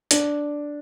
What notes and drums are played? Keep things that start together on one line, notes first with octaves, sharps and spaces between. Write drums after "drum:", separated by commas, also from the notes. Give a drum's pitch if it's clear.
D4, drum: hi-hat